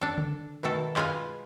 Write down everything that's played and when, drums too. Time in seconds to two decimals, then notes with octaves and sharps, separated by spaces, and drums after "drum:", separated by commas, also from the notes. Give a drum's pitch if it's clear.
0.01 D4 A4
0.18 drum: tom C#3
0.63 B2 D#3 A3 A4
0.96 G#3 F4 B4 G#5, drum: clap